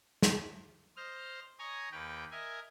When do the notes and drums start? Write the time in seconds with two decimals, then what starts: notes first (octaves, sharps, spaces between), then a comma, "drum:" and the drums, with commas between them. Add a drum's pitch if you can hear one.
0.22 drum: snare
0.97 C5 D#5 F6
1.59 C#5 D#5 G#5 A#5 D#6
1.92 D#2 B4 G5
2.31 A#4 D#5 E5 G#5